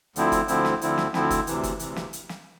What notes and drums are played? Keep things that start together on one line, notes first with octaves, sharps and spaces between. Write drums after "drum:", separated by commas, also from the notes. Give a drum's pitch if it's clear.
D2 D3 F3 C4 E4, drum: hi-hat
drum: kick F#1, hi-hat
D2 D3 F3 C4 E4, drum: hi-hat
drum: snare
D2 D3 F3 C4 E4, drum: hi-hat
drum: snare
D2 D3 F3 C4 E4, drum: snare
drum: kick F#1, hi-hat
D2 C3 E3, drum: hi-hat
drum: kick F#1, hi-hat
D2 C3 E3, drum: hi-hat
drum: snare
drum: hi-hat
drum: snare